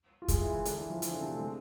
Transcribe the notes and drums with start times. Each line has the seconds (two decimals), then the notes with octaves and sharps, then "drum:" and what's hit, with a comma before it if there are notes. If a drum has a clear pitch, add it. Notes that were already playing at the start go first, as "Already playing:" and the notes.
0.22 F4
0.28 G#3 G#4, drum: kick, hi-hat
0.40 E3 E4
0.53 E3 E4
0.65 D3 D4, drum: hi-hat
0.78 E3 E4
0.90 F3 F4
1.02 E3 E4, drum: hi-hat
1.11 D3 D4
1.20 C3 C4
1.30 A3
1.39 G#3